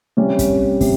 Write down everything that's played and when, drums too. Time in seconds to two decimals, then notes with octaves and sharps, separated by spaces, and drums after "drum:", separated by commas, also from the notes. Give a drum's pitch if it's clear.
0.17 C3 G3 C#4
0.39 drum: kick, hi-hat
0.81 C3, drum: kick, open hi-hat